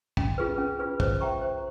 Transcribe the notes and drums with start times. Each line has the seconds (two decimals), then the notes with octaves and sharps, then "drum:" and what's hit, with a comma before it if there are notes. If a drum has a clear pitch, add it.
0.17 C#4, drum: kick
0.38 F4 G#4 B4
0.58 C#4
0.79 F4 G#4 B4
1.00 C5, drum: kick
1.21 E5 G5 A#5 C#6
1.41 C5